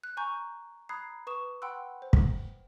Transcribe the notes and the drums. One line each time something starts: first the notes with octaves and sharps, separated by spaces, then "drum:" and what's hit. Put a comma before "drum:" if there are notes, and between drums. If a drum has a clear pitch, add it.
F#6
G#5 A#5 C#6 G6
A#5 B5 D#6 F#6 G#6 C7
B4 C#6 D#6 E7
F#5 G5 B5 C6 E6 F#6
C5
drum: kick